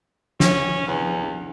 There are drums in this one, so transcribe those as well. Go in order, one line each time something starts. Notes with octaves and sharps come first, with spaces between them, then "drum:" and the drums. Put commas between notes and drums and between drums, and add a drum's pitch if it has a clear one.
C#4, drum: snare
E2